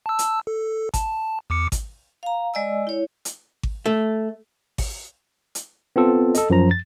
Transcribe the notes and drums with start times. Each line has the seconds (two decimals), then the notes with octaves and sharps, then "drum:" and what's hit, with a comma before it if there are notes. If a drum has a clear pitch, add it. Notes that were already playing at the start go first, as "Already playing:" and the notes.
0.06 A5 E6
0.19 drum: hi-hat
0.47 A4
0.94 A5, drum: kick G#1, hi-hat
1.50 E2 D6 C#7
1.72 drum: kick G#1, hi-hat
2.23 F5 A#5
2.54 G#3 D5 D#5 G#5 E6
2.87 E4 C#5
3.25 drum: hi-hat
3.63 drum: kick G#1
3.86 A3
4.78 drum: kick G#1, open hi-hat
5.55 drum: hi-hat
5.96 B3 C4 F4 A4
6.35 A4 D#5, drum: hi-hat
6.50 F#2 F3 A#5
6.71 A6